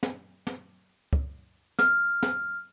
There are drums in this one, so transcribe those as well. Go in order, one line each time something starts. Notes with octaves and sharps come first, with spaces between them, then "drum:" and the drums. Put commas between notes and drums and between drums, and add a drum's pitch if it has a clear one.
drum: snare
drum: snare
drum: kick
F6, drum: snare
drum: snare